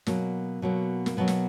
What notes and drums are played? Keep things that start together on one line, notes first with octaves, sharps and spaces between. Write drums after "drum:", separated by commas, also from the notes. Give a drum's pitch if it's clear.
B2 F#3 A#3, drum: snare
B2 F#3 A#3
A#3, drum: snare
B2 F#3 A#3 B3
drum: snare